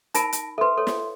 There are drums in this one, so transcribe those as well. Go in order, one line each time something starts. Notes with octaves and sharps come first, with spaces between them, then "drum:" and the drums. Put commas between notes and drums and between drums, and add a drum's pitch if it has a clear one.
D#4 A#4 A5 B5 A#6 D7, drum: hi-hat
drum: hi-hat
A4 B4 E5 C6
A4 C#5
drum: snare